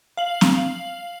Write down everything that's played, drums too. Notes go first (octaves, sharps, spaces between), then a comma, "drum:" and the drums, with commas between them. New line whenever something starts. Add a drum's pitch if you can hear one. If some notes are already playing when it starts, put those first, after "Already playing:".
F5 F#7
drum: snare C4